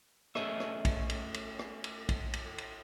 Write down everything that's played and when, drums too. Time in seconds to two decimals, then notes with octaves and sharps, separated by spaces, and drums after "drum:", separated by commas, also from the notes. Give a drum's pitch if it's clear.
0.35 A3 C#4 G#4 D#5 E5, drum: rim click
0.60 drum: rim click
0.85 drum: kick A#1, cymbal
1.10 drum: cymbal
1.34 drum: cymbal
1.59 drum: rim click
1.84 drum: cymbal
2.09 drum: kick A#1, cymbal
2.34 drum: cymbal
2.58 drum: cymbal